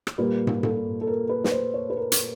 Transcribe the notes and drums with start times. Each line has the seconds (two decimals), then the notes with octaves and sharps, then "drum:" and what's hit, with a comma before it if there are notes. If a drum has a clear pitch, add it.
0.07 drum: rim click
0.18 A#2 G3 A#3 B4
0.47 drum: tom
0.63 A4, drum: tom
1.01 A4
1.07 A#4
1.29 B4
1.44 B4, drum: snare
1.52 C5
1.74 C#5
1.90 B4
1.97 A#4
2.12 drum: hi-hat